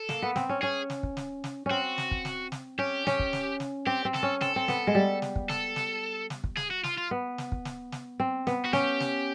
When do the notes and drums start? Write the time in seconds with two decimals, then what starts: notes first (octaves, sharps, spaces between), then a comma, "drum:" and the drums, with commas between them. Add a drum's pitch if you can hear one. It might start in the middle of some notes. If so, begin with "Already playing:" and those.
Already playing: A4
0.09 A#3, drum: snare
0.22 B3
0.36 C4, drum: snare
0.49 C#4
0.62 C#4 G#4
0.90 drum: snare
1.03 drum: kick
1.17 drum: snare
1.44 drum: snare
1.66 C4 C#4 F#4
1.98 drum: snare
2.11 drum: kick
2.25 drum: snare
2.52 drum: snare
2.78 C#4 G4
3.07 C#4, drum: snare
3.19 drum: kick
3.33 drum: snare
3.60 drum: snare
3.86 C4 G4
4.05 C4
4.14 A4, drum: snare
4.23 C#4
4.41 C4 A4, drum: snare
4.56 C4
4.68 B3, drum: snare
4.87 G#3
4.95 G3
5.22 drum: snare
5.36 drum: kick
5.50 A4, drum: snare
5.76 drum: snare
6.30 drum: snare
6.44 drum: kick
6.57 G#4, drum: snare
6.71 F#4
6.84 F4, drum: snare
6.98 F4
7.11 B3
7.38 drum: snare
7.52 drum: kick
7.65 drum: snare
7.92 drum: snare
8.20 C4
8.47 B3, drum: snare
8.65 F#4
8.73 C#4 G4, drum: snare
9.00 drum: snare